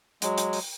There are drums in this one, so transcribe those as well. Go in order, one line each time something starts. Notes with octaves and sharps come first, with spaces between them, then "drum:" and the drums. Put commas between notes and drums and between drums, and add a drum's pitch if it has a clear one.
F#3 G#3, drum: hi-hat
drum: hi-hat
drum: open hi-hat